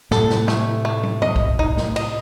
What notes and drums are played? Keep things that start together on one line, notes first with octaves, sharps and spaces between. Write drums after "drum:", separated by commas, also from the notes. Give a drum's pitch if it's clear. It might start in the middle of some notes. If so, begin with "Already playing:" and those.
A2 C3 A4, drum: snare
drum: snare
A3, drum: snare
A3
drum: tom
D#5, drum: tom G2
drum: kick B1
D#4, drum: kick B1
drum: snare
D#5, drum: cymbal